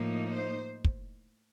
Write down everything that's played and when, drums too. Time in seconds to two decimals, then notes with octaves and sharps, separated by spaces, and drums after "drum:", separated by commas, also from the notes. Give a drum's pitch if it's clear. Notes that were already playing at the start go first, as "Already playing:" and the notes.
Already playing: A2 F3 A#3 D#4
0.30 C5
0.84 drum: kick